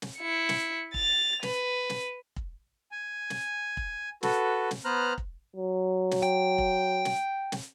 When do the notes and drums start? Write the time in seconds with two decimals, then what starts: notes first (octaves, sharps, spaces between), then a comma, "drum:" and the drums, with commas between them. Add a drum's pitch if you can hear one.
0.02 drum: snare
0.19 E4 C#7
0.49 drum: snare
0.94 A6 F7, drum: kick
1.43 B4, drum: snare
1.90 drum: snare
2.36 drum: kick
2.92 G#5
3.30 drum: snare
3.77 drum: kick
4.23 F#4 A4 B4, drum: snare
4.71 drum: snare
4.85 B3 B4 C5 A#5 F6 F#6
5.18 drum: kick
5.56 F#3
6.11 drum: snare
6.23 G5
6.58 drum: kick
7.05 drum: snare
7.52 drum: snare